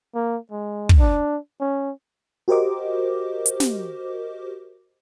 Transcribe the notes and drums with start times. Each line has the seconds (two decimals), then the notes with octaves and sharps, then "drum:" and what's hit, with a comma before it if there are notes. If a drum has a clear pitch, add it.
0.15 A#3
0.52 G#3
0.89 drum: kick
1.00 D4
1.61 C#4
2.48 F#4 G4 A#4 C5 D#5 D6
3.46 drum: hi-hat
3.60 drum: snare